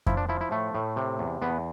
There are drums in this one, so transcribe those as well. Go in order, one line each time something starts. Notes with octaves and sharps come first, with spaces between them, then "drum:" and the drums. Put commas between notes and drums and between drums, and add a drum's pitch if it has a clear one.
F3 E4, drum: kick F2
D4
F3 E4
E4
A2 A3
A2
C3
E2
E2 B3